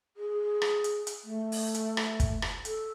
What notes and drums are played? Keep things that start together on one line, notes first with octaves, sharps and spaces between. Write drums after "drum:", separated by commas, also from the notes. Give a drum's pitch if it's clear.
G#4
drum: rim click
drum: hi-hat
drum: hi-hat
A3
drum: open hi-hat
drum: hi-hat
drum: rim click
drum: kick, hi-hat
drum: rim click
A4, drum: hi-hat